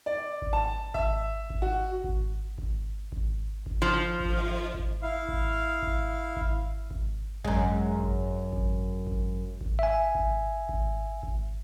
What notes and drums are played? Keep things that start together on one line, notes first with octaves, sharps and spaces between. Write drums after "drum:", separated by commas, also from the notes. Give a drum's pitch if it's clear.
D5
drum: kick G#1
A5
E5, drum: kick G#1
drum: kick G#1
F#4
drum: kick G#1
drum: kick G#1
drum: kick G#1
drum: kick G#1
F3
drum: kick G#1
drum: kick G#1
E4 F5
drum: kick G#1
drum: kick G#1
drum: kick G#1
drum: kick G#1
F#2 G#3, drum: kick G#1
drum: kick G#1
drum: kick G#1
drum: kick G#1
drum: kick G#1
E5 G#5
drum: kick G#1
drum: kick G#1
drum: kick G#1